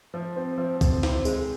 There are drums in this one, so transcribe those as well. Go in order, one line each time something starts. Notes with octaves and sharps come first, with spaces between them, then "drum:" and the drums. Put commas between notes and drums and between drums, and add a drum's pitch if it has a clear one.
F3
C4
F3
C4, drum: kick C2, tambourine
C4, drum: snare
G#3, drum: tambourine